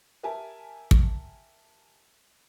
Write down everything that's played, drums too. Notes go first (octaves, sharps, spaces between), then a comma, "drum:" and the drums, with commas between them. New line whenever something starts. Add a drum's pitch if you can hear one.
G4 A#4 E5 G#5 A5
drum: kick